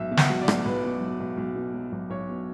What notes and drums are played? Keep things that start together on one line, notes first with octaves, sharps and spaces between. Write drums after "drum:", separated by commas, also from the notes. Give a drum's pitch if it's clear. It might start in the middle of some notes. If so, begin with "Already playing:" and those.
Already playing: B1 E5
B2
F#5, drum: snare
F#3
D5
B1, drum: rim click
B1 B4
B2
F#3
B1
B1
B2
F#3
B1
B1 C#5
B2